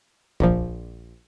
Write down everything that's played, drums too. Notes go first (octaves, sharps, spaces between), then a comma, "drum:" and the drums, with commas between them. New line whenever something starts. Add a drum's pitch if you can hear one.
A#1 A#2 F3, drum: kick